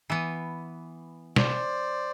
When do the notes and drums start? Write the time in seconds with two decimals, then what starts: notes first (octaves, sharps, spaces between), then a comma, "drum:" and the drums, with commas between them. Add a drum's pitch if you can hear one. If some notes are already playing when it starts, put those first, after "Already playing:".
0.10 E3 B3
1.36 C5 D5, drum: snare